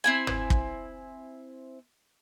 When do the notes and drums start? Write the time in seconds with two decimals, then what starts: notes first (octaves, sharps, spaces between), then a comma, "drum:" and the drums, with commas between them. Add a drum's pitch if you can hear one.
0.04 C4 E4 G#5
0.27 drum: tom
0.50 drum: kick